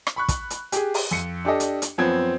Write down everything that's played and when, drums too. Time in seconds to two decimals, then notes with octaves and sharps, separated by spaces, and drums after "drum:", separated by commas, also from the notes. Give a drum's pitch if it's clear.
0.07 drum: rim click
0.16 B5 C#6 F#6
0.28 drum: kick, hi-hat
0.50 drum: hi-hat
0.72 G4 G#4, drum: hi-hat
0.94 drum: open hi-hat
1.11 F2 C#7
1.45 D4 G4 A4 D#5
1.60 drum: hi-hat
1.82 drum: hi-hat
1.98 F#2 F3 B3 C4 G#6